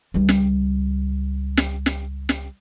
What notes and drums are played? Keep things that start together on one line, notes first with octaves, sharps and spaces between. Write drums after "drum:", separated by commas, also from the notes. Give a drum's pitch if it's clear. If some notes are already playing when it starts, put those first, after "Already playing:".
C#2 G3
drum: snare
drum: snare
drum: snare
drum: snare